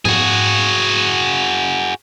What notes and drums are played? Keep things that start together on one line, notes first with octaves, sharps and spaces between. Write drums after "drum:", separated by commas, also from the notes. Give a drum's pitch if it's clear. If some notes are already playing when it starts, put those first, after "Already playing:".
F#4 G#4, drum: tom G#2